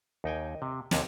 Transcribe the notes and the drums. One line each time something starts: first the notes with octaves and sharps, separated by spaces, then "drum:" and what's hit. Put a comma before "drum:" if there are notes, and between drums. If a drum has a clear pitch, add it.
D#2 D#4 G5 G#5
C3
D#2 C3 C#5 D#5 G#5, drum: snare